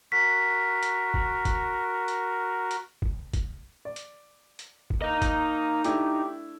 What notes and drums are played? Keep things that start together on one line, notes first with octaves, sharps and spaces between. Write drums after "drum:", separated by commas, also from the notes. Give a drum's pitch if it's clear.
F#4 A#4 B6
drum: hi-hat
drum: kick
drum: kick, hi-hat
drum: hi-hat
drum: hi-hat
drum: kick
drum: kick, hi-hat
D5
drum: hi-hat
drum: hi-hat
drum: kick
A#3 D#4 D#5
drum: kick, hi-hat
A3 D4 E4 G4, drum: hi-hat